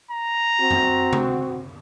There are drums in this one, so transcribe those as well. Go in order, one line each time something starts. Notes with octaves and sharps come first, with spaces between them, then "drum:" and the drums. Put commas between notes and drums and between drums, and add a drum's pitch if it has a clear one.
A#5
C4 F#4
drum: tom F#2
drum: tom